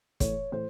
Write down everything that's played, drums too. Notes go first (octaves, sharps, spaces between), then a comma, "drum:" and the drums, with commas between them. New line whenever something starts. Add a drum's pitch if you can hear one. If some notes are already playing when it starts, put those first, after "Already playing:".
A2 E3 A3 C#5, drum: kick, hi-hat
A2 E3 A3 C5